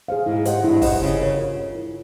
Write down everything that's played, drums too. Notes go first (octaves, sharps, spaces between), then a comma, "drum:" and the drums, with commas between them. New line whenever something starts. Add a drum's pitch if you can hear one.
G#4 C5 F5
G#2 E4
G4 C5 D#5 F#5, drum: hi-hat
G2 E4
G4 C5 D#5 F#5, drum: kick, open hi-hat
C#3 F4
A#4 C#5
F4
A#4 C#5
E4